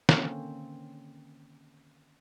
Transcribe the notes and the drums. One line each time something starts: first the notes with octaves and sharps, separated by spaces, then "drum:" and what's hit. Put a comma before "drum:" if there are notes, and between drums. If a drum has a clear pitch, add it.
D3 D#3 A#3 C4 C#4, drum: snare